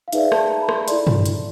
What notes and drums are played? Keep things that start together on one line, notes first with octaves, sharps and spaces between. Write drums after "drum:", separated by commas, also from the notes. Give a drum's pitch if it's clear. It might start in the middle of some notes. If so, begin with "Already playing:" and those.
F5
D#4 G#4 B4 D5 E5, drum: hi-hat
A5, drum: rim click
A#5
B5
C6, drum: rim click
B5
E4 A4 D5 C6, drum: hi-hat
drum: tom G2
drum: hi-hat